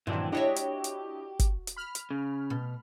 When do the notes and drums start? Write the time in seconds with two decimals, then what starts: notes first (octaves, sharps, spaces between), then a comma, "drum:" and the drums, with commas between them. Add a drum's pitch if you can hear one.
0.07 G2 A#2 D#3 E3 F#3 C4 D4
0.32 D4 E4 F#4 G4 C#5 D#5 E5
0.56 drum: hi-hat
0.84 drum: hi-hat
1.39 drum: kick, hi-hat
1.67 drum: hi-hat
1.76 B5 F6
1.95 drum: hi-hat
2.11 C#3
2.50 B2